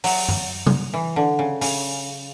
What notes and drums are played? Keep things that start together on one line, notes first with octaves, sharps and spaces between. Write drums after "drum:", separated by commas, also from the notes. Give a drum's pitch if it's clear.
F#3, drum: open hi-hat
drum: tom F#2
drum: tom C3
E3
D3
C#3
C#3, drum: open hi-hat